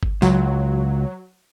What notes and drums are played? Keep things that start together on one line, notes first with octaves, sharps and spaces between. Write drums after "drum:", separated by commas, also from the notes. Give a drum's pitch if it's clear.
drum: kick G1
C#2 F#3, drum: tambourine